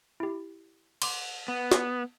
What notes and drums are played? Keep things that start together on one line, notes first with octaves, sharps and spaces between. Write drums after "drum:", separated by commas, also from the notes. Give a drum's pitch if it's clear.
E4 G4
C6 D6, drum: cymbal
B3
drum: snare